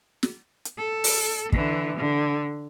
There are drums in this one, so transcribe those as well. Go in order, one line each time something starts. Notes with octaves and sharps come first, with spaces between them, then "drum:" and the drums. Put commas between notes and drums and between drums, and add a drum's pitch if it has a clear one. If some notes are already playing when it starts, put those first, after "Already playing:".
drum: snare
drum: hi-hat
A4
drum: open hi-hat
D3 E3, drum: kick
D3